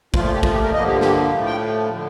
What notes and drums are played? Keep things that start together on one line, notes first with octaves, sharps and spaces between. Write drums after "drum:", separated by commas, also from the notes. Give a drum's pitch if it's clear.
A#2 F3 A3 F4, drum: kick
F4
G4
F4, drum: kick
G4
A#4
G2 D3 F3 A#3 D#5
G4
G4, drum: snare
A2 F3 A3
G5
D3 F3